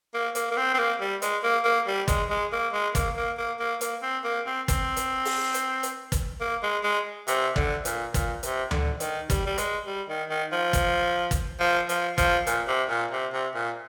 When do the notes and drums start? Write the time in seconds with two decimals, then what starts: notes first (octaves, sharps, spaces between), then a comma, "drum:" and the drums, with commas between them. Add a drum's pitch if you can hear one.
0.14 A#3
0.35 A#3, drum: hi-hat
0.51 A#3
0.57 C4
0.74 C4
0.78 A#3
1.00 G3
1.22 G#3, drum: hi-hat
1.43 A#3
1.64 A#3
1.87 G3
2.08 G#3, drum: kick, hi-hat
2.30 G#3
2.52 A#3
2.73 G#3
2.95 A#3, drum: kick, hi-hat
3.16 A#3
3.38 A#3
3.60 A#3
3.81 A#3, drum: hi-hat
4.02 C4
4.24 A#3
4.46 C4
4.68 C4, drum: kick, hi-hat
4.97 drum: hi-hat
5.25 drum: open hi-hat
5.54 drum: hi-hat
5.83 drum: hi-hat
6.12 drum: kick, hi-hat
6.41 A#3
6.63 G#3
6.83 G#3
7.28 C3, drum: hi-hat
7.56 D3, drum: kick
7.85 A#2, drum: hi-hat
8.14 A#2, drum: kick, hi-hat
8.43 C3, drum: hi-hat
8.71 D3, drum: tom D2
9.00 D#3, drum: hi-hat
9.30 G3, drum: kick, hi-hat
9.46 G3
9.58 G#3, drum: hi-hat
9.86 G3
10.09 D#3
10.29 D#3
10.52 F3
10.73 drum: kick, hi-hat
11.31 drum: kick, hi-hat
11.60 F3
11.89 F3, drum: hi-hat
12.18 F3, drum: kick, hi-hat
12.47 A#2, drum: hi-hat
12.68 C3
12.89 A#2
13.11 C3
13.33 C3
13.54 A#2